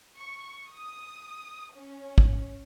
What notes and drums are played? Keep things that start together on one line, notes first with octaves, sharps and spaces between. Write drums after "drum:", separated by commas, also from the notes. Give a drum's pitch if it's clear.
C#6
D#6
C#4
drum: kick